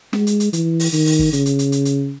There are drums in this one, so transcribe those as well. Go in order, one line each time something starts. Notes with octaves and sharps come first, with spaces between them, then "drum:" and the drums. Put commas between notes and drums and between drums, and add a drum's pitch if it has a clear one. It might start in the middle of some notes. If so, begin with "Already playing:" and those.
G#3, drum: snare
drum: hi-hat
drum: hi-hat
E3, drum: hi-hat
drum: open hi-hat
D#3, drum: hi-hat
drum: open hi-hat
drum: kick
C#3, drum: hi-hat
drum: hi-hat
drum: hi-hat
drum: hi-hat
drum: hi-hat